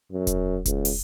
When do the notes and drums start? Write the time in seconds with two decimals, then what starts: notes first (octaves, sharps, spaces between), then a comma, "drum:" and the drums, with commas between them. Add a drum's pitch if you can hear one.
0.12 F#2
0.27 drum: kick E1, hi-hat
0.66 C#2, drum: kick E1, hi-hat
0.85 drum: open hi-hat